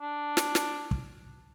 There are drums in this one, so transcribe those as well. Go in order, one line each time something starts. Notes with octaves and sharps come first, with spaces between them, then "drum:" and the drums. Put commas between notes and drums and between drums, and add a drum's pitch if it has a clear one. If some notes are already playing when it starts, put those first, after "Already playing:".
D4
drum: snare
drum: snare
drum: kick